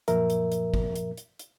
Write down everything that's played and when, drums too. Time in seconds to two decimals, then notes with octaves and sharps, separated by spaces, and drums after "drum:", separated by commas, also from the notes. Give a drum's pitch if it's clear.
0.08 F#2 A#2 F3 A#4 E5, drum: hi-hat
0.30 drum: hi-hat
0.52 drum: hi-hat
0.74 drum: kick G#1
0.96 drum: hi-hat
1.17 drum: hi-hat
1.39 drum: hi-hat